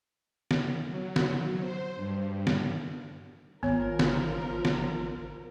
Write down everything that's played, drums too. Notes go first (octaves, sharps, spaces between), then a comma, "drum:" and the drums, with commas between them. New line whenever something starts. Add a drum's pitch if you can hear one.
drum: snare
F#3
drum: snare
C5
G2
drum: snare
G#1 F3 B3 A#4 C#5
drum: snare
drum: snare